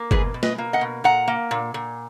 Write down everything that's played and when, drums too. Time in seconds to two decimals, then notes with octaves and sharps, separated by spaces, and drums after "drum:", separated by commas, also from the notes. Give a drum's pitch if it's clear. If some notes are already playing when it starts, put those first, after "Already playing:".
Already playing: A#3
0.11 B2 G#4 B4, drum: kick
0.34 B2
0.43 B4 D#5, drum: snare
0.58 A#3
0.73 D#5 F#5
0.81 B2
1.04 A#2 F#5 A#5
1.28 A#3
1.51 A#2
1.74 A#2